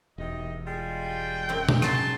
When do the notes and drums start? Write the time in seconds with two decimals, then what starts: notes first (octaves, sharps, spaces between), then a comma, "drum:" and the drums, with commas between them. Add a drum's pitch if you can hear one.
0.18 E1 C3 D#4 D#5
0.65 G3 G#3 F4
1.08 G5
1.49 F#2 C4
1.69 drum: tom B2
1.82 C#3 F#3 A5 C6, drum: rim click